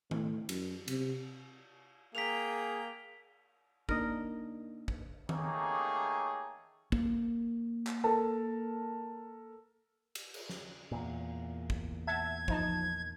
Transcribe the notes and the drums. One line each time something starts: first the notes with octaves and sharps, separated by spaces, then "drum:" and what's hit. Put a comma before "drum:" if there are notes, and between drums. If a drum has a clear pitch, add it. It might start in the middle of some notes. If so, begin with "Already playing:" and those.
A2, drum: tom D#3
F#2, drum: cymbal
C3, drum: cymbal
A#3 G#4 G5 A#5 B6 F7
A#3 D4 D#4 A#4 D#5, drum: kick
drum: kick
A3 A#3 D#4 G4 G#4 C#5, drum: tom D#3
A#3, drum: kick
drum: clap
A4 A#4 A5
drum: cymbal
drum: cymbal
drum: snare
E2 A#2
drum: kick
E5 F#5 A5 G#6
F3 D#4 A5, drum: kick